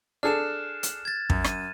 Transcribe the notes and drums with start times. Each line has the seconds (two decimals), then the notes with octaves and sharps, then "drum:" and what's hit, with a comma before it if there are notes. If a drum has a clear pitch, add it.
0.23 D4 G#4 A4 F6 F#6 E7
0.83 drum: hi-hat
1.05 G#6 A6
1.30 F#2, drum: kick
1.44 D#7, drum: rim click